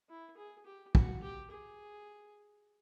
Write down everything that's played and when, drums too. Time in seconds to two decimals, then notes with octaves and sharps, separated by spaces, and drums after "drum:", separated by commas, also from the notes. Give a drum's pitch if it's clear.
0.09 E4
0.38 G#4
0.66 G4
0.95 F#4, drum: kick
1.22 G4
1.51 G#4